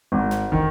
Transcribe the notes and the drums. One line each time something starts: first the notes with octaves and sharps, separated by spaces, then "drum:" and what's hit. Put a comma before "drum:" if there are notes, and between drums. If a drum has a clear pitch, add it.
G#1
drum: snare
D#3, drum: kick